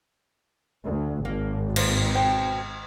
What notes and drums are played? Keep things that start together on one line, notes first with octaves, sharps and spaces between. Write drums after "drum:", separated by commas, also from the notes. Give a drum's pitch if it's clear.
D2
G#1 A#3
A#3 C4 B4, drum: cymbal
B2 C4 G5